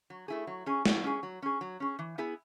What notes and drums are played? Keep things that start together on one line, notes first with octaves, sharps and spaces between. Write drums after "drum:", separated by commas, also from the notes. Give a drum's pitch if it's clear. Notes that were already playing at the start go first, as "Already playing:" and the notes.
F#3
A3 E4 G#4
F#3
C#4 G#4
F#3, drum: snare
C#4 G#4
F#3
C#4 G#4
F#3
C#4 G#4
E3
B3 E4 G#4